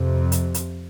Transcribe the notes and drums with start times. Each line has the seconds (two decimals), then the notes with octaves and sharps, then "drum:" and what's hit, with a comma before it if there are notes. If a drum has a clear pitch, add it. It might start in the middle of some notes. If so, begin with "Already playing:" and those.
Already playing: F2 C3
0.32 drum: hi-hat
0.54 drum: hi-hat